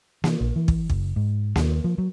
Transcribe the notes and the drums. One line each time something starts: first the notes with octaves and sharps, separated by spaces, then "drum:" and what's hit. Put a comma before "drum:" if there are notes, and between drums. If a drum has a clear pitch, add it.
E3, drum: snare A#3
A#1
E3
drum: kick
F#1, drum: kick
G#2
D#2, drum: snare A#3
F3
F#3